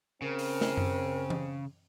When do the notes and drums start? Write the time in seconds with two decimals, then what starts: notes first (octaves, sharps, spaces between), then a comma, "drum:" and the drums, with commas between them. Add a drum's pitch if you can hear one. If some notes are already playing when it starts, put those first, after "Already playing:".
0.22 C#3 C4 A#4
0.39 drum: open hi-hat
0.61 drum: snare
0.77 drum: tom F#2
1.30 drum: tom E3